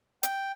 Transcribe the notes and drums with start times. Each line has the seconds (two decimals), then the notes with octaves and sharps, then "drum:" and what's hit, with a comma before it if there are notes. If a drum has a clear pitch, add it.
0.23 G5, drum: hi-hat